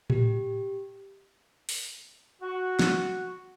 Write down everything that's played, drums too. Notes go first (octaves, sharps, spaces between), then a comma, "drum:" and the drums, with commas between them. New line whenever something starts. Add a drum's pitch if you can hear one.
G4, drum: tom A2
drum: open hi-hat
F#4
drum: snare